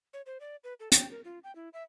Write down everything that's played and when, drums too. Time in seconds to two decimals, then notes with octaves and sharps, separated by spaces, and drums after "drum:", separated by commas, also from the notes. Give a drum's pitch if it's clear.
0.13 C#5
0.26 C5
0.40 D5
0.64 B4
0.80 A4
0.92 G5, drum: hi-hat
1.11 A#4
1.25 F4
1.44 G5
1.55 E4
1.73 E5